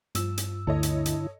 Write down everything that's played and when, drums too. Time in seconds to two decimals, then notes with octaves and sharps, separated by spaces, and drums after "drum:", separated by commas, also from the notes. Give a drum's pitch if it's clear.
0.15 G2 F3 E6, drum: hi-hat
0.38 drum: hi-hat
0.67 D2 D3 E4 A4 C#5 D#5
0.83 drum: hi-hat
1.06 drum: hi-hat